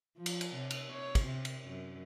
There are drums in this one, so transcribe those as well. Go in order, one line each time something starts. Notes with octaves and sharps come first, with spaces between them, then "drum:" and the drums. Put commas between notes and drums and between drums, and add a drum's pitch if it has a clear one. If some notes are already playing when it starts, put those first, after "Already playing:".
F3
drum: cymbal
drum: cymbal
C3
drum: cymbal
C#5
drum: kick, cymbal
C3
drum: cymbal
F#2